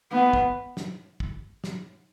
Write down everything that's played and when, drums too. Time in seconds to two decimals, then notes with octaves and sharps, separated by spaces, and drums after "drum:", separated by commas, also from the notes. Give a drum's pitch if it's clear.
0.12 B3
0.33 drum: kick
0.77 drum: snare
1.20 drum: kick
1.64 drum: snare